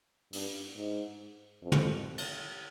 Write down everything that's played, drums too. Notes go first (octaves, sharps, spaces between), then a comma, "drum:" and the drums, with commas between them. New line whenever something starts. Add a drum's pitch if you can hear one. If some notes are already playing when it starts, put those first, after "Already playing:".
G2, drum: open hi-hat
G#2
F2
drum: tom
drum: cymbal